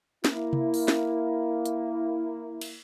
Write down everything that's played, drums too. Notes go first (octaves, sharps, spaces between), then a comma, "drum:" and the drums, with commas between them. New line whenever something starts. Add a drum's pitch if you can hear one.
A#3 E4, drum: snare
drum: tom C3
drum: open hi-hat
drum: snare
drum: hi-hat
drum: cymbal